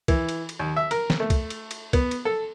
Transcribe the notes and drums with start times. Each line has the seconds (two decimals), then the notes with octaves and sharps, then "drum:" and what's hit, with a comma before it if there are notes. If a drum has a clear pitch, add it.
0.08 E3, drum: kick, cymbal
0.29 drum: cymbal
0.49 drum: cymbal
0.59 D#2
0.76 E5
0.91 A#4, drum: cymbal
1.10 drum: snare
1.20 A3
1.30 drum: kick, cymbal
1.50 drum: cymbal
1.71 drum: cymbal
1.93 B3, drum: kick, cymbal
2.11 drum: cymbal
2.25 A4